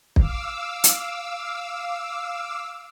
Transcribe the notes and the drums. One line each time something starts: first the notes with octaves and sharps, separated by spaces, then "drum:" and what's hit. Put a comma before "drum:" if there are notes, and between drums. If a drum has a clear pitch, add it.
F5 D6 E6, drum: kick
drum: hi-hat